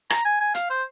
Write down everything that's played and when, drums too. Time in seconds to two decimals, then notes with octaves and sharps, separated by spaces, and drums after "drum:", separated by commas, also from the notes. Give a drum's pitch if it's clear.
0.10 A#5, drum: rim click
0.25 G#5
0.40 G#5
0.55 F5, drum: hi-hat
0.70 C5